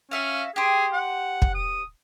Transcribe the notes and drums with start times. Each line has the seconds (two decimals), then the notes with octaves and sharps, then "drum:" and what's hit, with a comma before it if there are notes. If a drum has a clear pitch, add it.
0.11 C#4 F#4 E5 F5
0.56 G4 G#4 C5
0.93 F#5
1.42 drum: kick
1.55 D#6